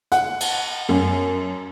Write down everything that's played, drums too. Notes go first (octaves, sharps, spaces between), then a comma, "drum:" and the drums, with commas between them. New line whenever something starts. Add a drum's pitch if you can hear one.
F#5, drum: hi-hat
drum: cymbal
F#2